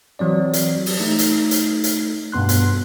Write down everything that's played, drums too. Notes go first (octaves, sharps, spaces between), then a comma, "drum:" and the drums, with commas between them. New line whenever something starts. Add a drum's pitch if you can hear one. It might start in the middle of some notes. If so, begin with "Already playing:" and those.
E3 F#3 C4 D5
drum: hi-hat
drum: open hi-hat
A3 D#4
drum: hi-hat
drum: hi-hat
drum: hi-hat
G2 B2 B3 C6 F#6
drum: hi-hat